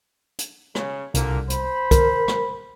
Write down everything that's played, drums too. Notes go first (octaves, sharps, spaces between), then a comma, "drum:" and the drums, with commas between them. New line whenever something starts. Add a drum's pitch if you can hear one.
drum: hi-hat
C#3, drum: rim click
C2 A#2 D3 A#3, drum: hi-hat
C5 B5, drum: hi-hat
A#4, drum: kick, hi-hat
drum: rim click